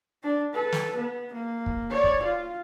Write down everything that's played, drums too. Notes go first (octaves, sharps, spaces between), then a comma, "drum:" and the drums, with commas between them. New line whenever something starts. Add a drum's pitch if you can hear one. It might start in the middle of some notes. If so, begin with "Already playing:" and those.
D4
A4 B4
drum: snare
B3
A#3
drum: kick
C#5 D5
drum: kick
F4